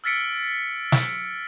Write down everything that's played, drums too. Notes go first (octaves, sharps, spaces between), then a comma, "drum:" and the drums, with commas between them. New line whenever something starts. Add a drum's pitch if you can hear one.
E6 F6 A6 B6 C#7 D7
drum: snare